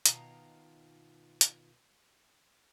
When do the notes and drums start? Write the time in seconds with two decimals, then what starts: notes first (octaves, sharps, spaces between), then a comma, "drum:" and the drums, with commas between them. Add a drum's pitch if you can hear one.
0.06 B2 D#3 F4 A#5, drum: hi-hat
1.41 drum: hi-hat